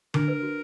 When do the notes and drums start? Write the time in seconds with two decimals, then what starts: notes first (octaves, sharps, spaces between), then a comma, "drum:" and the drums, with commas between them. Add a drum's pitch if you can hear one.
0.14 D4 A#4, drum: tom D3
0.28 B4
0.43 F#4